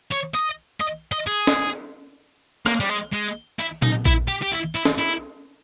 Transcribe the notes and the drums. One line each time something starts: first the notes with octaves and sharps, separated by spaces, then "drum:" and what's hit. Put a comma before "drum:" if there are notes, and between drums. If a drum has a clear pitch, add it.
C#5
D#5
D#5
D#5
G#4
drum: snare
A#3, drum: rim click
G3
G#3
G#3
E4, drum: hi-hat
D#4, drum: tom A#2
E4, drum: kick A#1
G4
G4
E4
E4
drum: snare
E4